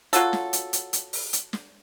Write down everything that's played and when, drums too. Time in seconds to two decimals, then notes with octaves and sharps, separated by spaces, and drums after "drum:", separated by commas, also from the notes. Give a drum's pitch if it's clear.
0.13 F#3 F4 F#4 A4, drum: hi-hat
0.33 drum: snare
0.53 drum: hi-hat
0.73 drum: hi-hat
0.93 drum: hi-hat
1.13 drum: open hi-hat
1.33 drum: hi-hat
1.53 drum: snare